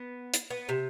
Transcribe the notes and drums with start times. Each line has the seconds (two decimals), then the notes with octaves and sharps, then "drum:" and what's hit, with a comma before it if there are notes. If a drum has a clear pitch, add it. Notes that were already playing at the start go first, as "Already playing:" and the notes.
Already playing: B3
0.34 drum: hi-hat
0.50 B3
0.69 C3